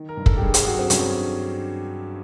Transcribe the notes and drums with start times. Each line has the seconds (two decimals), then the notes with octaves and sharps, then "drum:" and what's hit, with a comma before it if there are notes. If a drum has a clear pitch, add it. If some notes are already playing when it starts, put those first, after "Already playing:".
Already playing: D#3
0.09 A#4
0.17 G2
0.26 A4, drum: kick
0.36 G4
0.41 G2 G#4
0.54 G#4, drum: hi-hat
0.66 F#3 F#4
0.79 C4
0.90 G2 C#4, drum: hi-hat